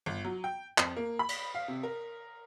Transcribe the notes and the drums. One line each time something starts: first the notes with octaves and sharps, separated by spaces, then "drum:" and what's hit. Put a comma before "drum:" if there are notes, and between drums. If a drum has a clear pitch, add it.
G1
F#3
G5
F2, drum: clap
A#3
B5
drum: cymbal
F5
C3
A#4